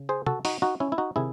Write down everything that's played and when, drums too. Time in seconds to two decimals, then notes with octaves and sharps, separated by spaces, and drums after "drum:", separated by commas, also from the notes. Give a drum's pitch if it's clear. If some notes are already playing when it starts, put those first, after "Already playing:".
Already playing: C#3
0.09 G#4 C5
0.26 F#4 A4, drum: tom
0.45 D#4 F#4, drum: open hi-hat
0.62 D#4 F#4
0.80 C#4 E4
0.92 E4
0.98 D#4 F#4
1.16 C3 D#3 E4 G#4